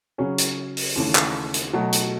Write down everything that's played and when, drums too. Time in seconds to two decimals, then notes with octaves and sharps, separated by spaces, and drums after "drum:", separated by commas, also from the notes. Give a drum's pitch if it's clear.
0.18 C#3 F#3 C#4 G#4
0.38 drum: hi-hat
0.77 drum: open hi-hat
0.96 D#2 C#3 E3 A3 C#4
1.15 drum: clap
1.54 drum: hi-hat
1.73 B2 F#3 A3
1.93 drum: hi-hat